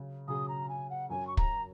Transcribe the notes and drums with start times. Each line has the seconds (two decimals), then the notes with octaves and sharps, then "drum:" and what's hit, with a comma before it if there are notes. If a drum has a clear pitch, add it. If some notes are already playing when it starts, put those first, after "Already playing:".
Already playing: C#3 F#3 C#4
0.28 C#3 F#3 C#4 G#4 D#6
0.48 A#5
0.69 G#5
0.90 F#5
1.09 F#2 F#3 C#4 G#5
1.27 C#6
1.37 A#5, drum: kick